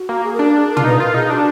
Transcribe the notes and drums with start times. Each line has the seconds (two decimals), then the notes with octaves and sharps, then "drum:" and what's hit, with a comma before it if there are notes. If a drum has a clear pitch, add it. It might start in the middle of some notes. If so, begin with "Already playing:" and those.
Already playing: F#4
0.09 A#3
0.24 G#4
0.34 A#4
0.39 D4
0.44 A#4
0.54 G#4
0.69 A#4
0.77 F4, drum: tom
0.84 D#4 B4
0.99 F4 A#4
1.14 D#4 G#4
1.30 D4 F#4